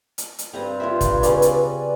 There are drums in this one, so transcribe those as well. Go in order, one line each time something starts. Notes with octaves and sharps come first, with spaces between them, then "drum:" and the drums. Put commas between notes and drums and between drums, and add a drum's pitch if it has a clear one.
drum: hi-hat
drum: hi-hat
G2 C4 B4 A#5
F4 A#4 E5
drum: kick, hi-hat
C#3 C4 C#4 B4 D5, drum: hi-hat
drum: hi-hat